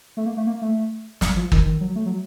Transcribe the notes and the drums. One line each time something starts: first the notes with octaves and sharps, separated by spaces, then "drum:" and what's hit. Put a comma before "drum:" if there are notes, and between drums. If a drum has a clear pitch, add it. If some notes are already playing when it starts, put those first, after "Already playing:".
A3
A#3
A3
A#3
A3
drum: snare
F3
D#3, drum: kick
D#3
F#3
A3
F#3